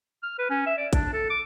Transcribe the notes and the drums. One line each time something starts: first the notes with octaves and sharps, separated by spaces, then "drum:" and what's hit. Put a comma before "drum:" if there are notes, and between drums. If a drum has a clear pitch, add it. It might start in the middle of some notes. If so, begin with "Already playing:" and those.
F6
B4
C#4
E5
D5
D4, drum: kick A1, hi-hat
A4
D6